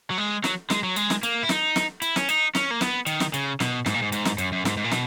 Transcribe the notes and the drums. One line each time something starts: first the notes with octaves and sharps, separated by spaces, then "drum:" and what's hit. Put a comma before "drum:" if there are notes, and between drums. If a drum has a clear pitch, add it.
F#3
G#3
F#3, drum: snare
G#3, drum: snare
F#3
G#3, drum: hi-hat
drum: snare
A#3, drum: hi-hat
E4
D#4, drum: snare
drum: snare
E4, drum: hi-hat
C#4, drum: snare
D#4, drum: hi-hat
C#4, drum: snare
A#3
B3, drum: snare
D#3, drum: hi-hat
drum: snare
C#3, drum: hi-hat
B2, drum: snare
G#2, drum: snare
A#2
G#2
G#2, drum: hi-hat
drum: snare
F#2, drum: hi-hat
F#2
G#2, drum: snare
G#2
A#2
B2, drum: snare